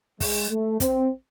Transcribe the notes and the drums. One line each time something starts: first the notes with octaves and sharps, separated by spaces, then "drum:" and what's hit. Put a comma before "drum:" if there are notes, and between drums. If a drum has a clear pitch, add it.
G#3, drum: kick, open hi-hat
A3
C4, drum: kick, hi-hat